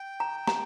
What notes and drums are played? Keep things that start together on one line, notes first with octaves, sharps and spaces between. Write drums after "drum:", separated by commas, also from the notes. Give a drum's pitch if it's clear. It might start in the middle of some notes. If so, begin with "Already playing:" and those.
Already playing: G5
A#5
A#5, drum: snare